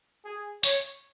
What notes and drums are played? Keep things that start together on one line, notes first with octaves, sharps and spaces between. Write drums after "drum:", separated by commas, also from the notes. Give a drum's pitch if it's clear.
G#4
C#5, drum: hi-hat